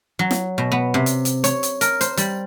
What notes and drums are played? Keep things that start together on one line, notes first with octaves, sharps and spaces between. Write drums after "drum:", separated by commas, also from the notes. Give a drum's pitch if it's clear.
F#3
drum: snare
B2
B3
C3
drum: hi-hat
drum: hi-hat
C#5, drum: hi-hat
drum: hi-hat
A#4, drum: hi-hat
C5, drum: hi-hat
G3, drum: hi-hat